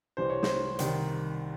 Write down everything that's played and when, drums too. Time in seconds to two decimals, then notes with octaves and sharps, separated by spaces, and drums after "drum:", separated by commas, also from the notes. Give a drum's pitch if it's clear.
0.17 C2 C3 E3 C5
0.30 C#5
0.43 C5, drum: snare
0.79 C2 C3 D#3, drum: hi-hat